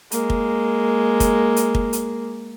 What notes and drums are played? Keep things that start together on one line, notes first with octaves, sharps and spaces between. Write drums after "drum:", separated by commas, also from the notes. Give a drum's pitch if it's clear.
G#3 A#3, drum: hi-hat
drum: kick
drum: kick, hi-hat
drum: hi-hat
drum: kick
drum: hi-hat